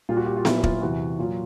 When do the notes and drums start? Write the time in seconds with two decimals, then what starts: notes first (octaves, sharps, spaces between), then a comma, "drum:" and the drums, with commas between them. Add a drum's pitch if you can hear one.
0.09 A#2 G3 F4
0.17 F#4
0.26 G4
0.36 F4
0.45 A#2 F#3 E4, drum: snare B3
0.64 F4, drum: kick
0.81 E2 C3 E3 F#4
1.18 A#2 F#3 F4